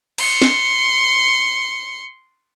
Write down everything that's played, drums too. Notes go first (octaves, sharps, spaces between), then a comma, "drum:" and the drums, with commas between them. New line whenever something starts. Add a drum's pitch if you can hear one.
C6 C#7, drum: cymbal
drum: snare